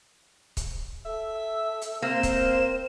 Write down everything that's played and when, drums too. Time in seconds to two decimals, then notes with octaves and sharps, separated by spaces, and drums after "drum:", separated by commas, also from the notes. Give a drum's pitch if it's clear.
0.57 drum: kick C#1, hi-hat
1.06 A4 E5
1.35 E6
1.82 drum: hi-hat
2.02 A#3 C4 C5 E7
2.23 drum: kick C#1, hi-hat